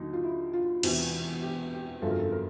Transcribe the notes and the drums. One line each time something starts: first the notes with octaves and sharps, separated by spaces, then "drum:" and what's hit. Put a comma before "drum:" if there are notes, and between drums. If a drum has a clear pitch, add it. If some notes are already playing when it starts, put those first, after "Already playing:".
Already playing: D#2 D3 F#3 D#4
F4
E4
F4
E1 E2 C3 E3 G4, drum: cymbal
G4
G4
G1 F2 C#3 F#3 A4
A#4
A4
A#4